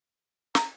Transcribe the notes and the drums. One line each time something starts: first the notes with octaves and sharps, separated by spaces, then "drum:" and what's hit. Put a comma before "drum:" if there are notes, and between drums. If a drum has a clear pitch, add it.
A#5, drum: snare